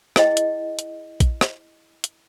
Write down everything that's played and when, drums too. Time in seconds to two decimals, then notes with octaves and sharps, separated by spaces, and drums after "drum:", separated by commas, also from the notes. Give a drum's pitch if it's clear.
0.16 E4 G#4 D#5 G5, drum: rim click
0.37 drum: hi-hat
0.79 drum: hi-hat
1.20 drum: kick A#1, hi-hat
1.41 drum: rim click
2.04 drum: hi-hat